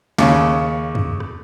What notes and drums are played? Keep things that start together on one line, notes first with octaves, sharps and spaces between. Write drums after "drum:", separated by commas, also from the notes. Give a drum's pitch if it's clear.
D#2 C#3, drum: snare
drum: tom
drum: rim click